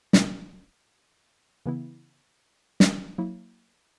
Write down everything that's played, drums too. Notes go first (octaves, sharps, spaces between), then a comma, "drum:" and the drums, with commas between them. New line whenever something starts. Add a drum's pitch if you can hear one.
B2 A#3 E4, drum: snare
C#3 E3 B3 E4
drum: snare
F#3 A#3 E4